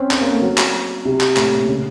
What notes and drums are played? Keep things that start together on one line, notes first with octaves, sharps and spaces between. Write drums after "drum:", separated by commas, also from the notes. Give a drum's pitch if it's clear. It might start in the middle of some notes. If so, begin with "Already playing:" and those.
Already playing: C4 C#4
C#4, drum: clap
A#3
A3
F#3
drum: clap
C3
drum: clap
A2, drum: clap
A#2
C#3